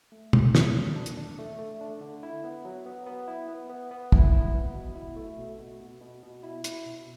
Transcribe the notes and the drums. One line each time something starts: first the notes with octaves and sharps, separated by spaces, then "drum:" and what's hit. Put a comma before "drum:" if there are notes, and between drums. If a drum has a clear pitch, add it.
A3
E2, drum: tom
D3, drum: snare
E2
D4
drum: hi-hat
D4
A3
A3
D4
D3
E4
B3
F#3
B3
B3
E4
B3
B3
B3
E4, drum: kick
E4
B3
B2
E4
A3
B2
B2
B2
B2
B2
E4
E4, drum: hi-hat
B2